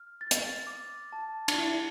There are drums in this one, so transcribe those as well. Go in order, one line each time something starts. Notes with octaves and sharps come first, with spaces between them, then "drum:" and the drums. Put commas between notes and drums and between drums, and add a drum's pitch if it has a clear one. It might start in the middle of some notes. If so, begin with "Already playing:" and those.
Already playing: F6
A6
drum: hi-hat
D6
A5
D4, drum: cymbal
E4 C7